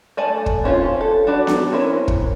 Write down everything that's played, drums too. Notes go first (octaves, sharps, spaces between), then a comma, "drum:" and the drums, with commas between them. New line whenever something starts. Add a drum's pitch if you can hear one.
A3 D5 G#5 A5
drum: kick
C4 C#4 E4 F4
A4
D4 F#4 B4 D5
drum: snare B3
C4 C#4 E4 A#4
drum: kick